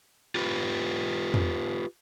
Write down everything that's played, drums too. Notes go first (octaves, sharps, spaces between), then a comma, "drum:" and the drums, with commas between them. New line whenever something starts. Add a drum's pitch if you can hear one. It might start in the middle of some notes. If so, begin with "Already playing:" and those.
F4 G4 B4
drum: tom